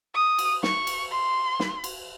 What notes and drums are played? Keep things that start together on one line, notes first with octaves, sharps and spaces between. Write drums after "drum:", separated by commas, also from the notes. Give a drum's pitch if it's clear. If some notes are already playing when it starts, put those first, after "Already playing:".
D#6
drum: cymbal
C#6, drum: snare
drum: cymbal
C6
drum: snare
drum: cymbal